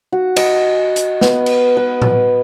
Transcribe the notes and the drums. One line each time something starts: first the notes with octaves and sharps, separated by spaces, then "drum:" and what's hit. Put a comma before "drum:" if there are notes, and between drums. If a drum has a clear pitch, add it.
F#4
D#5, drum: cymbal
drum: hi-hat
B3, drum: snare
drum: cymbal
B4
drum: tom A2